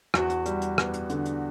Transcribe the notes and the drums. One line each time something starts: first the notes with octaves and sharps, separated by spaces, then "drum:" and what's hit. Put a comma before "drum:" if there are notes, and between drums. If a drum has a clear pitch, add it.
E2 F#4, drum: rim click
drum: hi-hat
G3, drum: hi-hat
drum: hi-hat
B3, drum: rim click
drum: hi-hat
D3, drum: hi-hat
drum: hi-hat